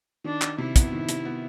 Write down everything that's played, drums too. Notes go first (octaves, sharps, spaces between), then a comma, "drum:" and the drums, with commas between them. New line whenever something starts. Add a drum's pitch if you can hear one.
D#3 D4
D#3, drum: clap
C3 E4
B3, drum: kick, hi-hat
D#3
C3, drum: hi-hat
B3